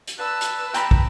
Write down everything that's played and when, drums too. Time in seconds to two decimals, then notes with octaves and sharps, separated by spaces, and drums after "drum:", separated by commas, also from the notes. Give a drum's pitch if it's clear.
0.07 drum: hi-hat
0.18 B4 D5 A5 E6 F#6
0.41 drum: hi-hat
0.74 G5 A#5 B5, drum: hi-hat
0.91 drum: kick